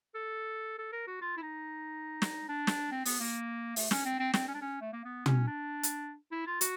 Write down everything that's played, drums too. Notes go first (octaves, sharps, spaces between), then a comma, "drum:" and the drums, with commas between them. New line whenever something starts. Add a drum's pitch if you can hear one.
A4
A4
A#4
F#4
F4
E4
D#4
drum: snare
D4
drum: snare
C4
B3, drum: open hi-hat
A#3
A3, drum: open hi-hat
C#4, drum: snare
C4
C4
C4, drum: snare
C#4
D4
C#4
A3
A#3
B3
C#4, drum: tom
D4
drum: hi-hat
E4
F4
F#4, drum: hi-hat